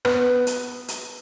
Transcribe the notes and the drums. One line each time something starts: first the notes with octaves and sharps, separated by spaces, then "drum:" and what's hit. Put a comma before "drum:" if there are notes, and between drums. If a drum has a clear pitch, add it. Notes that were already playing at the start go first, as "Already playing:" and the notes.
B3, drum: rim click
drum: hi-hat
drum: hi-hat